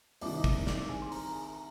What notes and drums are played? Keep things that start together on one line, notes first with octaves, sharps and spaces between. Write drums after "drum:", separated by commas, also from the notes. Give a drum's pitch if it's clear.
C2 C3 D#3 D5, drum: open hi-hat
D#5
D5, drum: kick
D5, drum: snare
G#4
C5
A#4, drum: open hi-hat
G#4
A#4